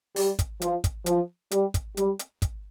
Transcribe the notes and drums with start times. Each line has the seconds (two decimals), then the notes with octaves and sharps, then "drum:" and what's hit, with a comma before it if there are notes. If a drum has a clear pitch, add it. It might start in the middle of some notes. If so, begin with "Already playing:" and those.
0.16 G3, drum: open hi-hat
0.39 drum: kick, hi-hat
0.62 F3, drum: hi-hat
0.84 drum: kick, hi-hat
1.06 F3, drum: hi-hat
1.51 G3, drum: hi-hat
1.74 drum: kick, hi-hat
1.97 G3, drum: hi-hat
2.19 drum: hi-hat
2.42 drum: kick, hi-hat